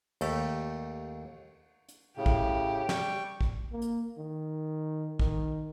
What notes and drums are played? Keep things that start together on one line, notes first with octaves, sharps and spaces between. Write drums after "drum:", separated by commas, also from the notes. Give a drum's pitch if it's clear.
D#2 A3 G4, drum: cymbal
drum: hi-hat
A2 C#3 G4
drum: kick
G3 G5 C#6, drum: snare
drum: kick
A#3
drum: hi-hat
D#3
D#3, drum: kick